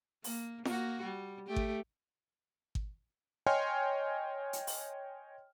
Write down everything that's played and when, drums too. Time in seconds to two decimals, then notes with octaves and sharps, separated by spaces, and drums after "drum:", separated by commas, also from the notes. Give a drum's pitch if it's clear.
0.24 A#3, drum: open hi-hat
0.65 A#3 F#4, drum: snare
1.03 G3
1.47 A3 G4
1.56 drum: kick G#1
2.75 drum: kick G#1
3.47 C#5 D#5 G5 G#5 C6 F6
4.53 drum: hi-hat
4.67 drum: open hi-hat